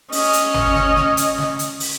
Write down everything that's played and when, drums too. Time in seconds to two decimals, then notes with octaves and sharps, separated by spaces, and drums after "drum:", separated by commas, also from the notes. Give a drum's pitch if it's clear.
0.12 C#4 D#5, drum: open hi-hat
0.33 drum: hi-hat
0.54 drum: tom
0.75 drum: snare
0.96 drum: snare
1.17 drum: hi-hat
1.38 drum: snare
1.59 drum: hi-hat
1.80 drum: open hi-hat